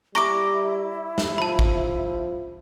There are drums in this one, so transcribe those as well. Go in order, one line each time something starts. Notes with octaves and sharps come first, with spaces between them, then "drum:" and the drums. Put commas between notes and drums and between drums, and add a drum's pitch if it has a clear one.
G3 E4 A#5 C#6 D6 A#6 D7
drum: snare
F3 A5 B5
drum: kick A1